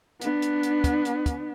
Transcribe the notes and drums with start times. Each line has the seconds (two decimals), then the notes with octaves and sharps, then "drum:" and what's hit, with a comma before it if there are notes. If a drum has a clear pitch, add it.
0.21 B3 D4, drum: hi-hat
0.42 drum: hi-hat
0.63 drum: hi-hat
0.84 drum: kick, hi-hat
1.05 drum: hi-hat
1.26 drum: kick, hi-hat